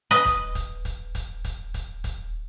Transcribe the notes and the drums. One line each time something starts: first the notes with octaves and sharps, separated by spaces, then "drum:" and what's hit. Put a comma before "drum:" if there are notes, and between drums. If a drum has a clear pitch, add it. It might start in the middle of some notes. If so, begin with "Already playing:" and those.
B4 D#5
drum: kick, hi-hat
drum: kick, hi-hat
drum: kick, hi-hat
drum: kick, hi-hat
drum: kick, hi-hat
drum: kick, hi-hat
drum: kick, hi-hat